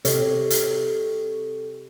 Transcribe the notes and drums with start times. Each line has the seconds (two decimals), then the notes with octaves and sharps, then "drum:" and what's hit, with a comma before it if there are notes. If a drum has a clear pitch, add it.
0.05 C3 G4 A4 C#5 D#5, drum: hi-hat
0.50 drum: hi-hat